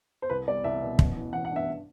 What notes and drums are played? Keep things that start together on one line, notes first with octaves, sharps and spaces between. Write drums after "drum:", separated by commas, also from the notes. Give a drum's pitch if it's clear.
C5
C2 B4
G3 D5
C2 E5
B2
A1, drum: kick
E3
A1 F#5
F#5
G2
E5